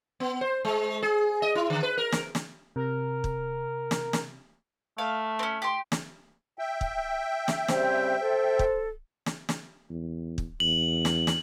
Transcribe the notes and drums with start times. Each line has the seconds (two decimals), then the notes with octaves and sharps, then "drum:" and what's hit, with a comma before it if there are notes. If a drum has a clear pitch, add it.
0.20 B3
0.41 C5
0.65 G#3
1.02 G#4
1.42 D#5
1.55 E4
1.70 D3
1.83 B4
1.98 A#4
2.12 drum: snare
2.35 drum: snare
2.76 C3 A#4
3.24 drum: kick
3.91 drum: snare
4.13 drum: snare
4.98 A3 F5
5.39 C4 C#4
5.62 G4 C6
5.92 drum: snare
6.59 E5 G5
6.81 drum: kick
7.48 drum: snare
7.68 C#3 G3 C4 C5, drum: snare
8.21 A4 C5
8.59 drum: kick
9.26 drum: snare
9.49 drum: snare
9.90 E2
10.38 drum: kick
10.60 E2 F#7
11.05 drum: snare
11.27 drum: snare